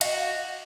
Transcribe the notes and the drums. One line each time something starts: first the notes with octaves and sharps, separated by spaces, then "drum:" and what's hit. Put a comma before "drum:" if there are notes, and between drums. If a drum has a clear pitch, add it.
F#4 D#5 F5, drum: cymbal